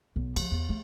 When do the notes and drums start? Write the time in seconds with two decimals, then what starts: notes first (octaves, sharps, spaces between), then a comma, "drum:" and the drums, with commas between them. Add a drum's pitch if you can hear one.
0.16 B1
0.36 D#3 F3, drum: cymbal
0.52 E2
0.69 A3